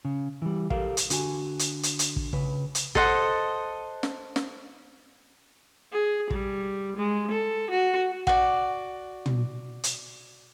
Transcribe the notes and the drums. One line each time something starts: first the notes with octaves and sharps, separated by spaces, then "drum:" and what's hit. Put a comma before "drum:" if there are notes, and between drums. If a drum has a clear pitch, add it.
C#3
E3 G3
G4 A4 A#4 F5, drum: kick
drum: hi-hat
D3 F#4 G#5, drum: hi-hat
drum: hi-hat
drum: hi-hat
drum: hi-hat
drum: kick
C#3 B4, drum: kick
drum: hi-hat
A4 C5 D#5 F#5, drum: kick
drum: snare
drum: snare
G#4
G3, drum: kick
G#3
A4
F#4
F#4 D5, drum: kick
drum: tom
drum: hi-hat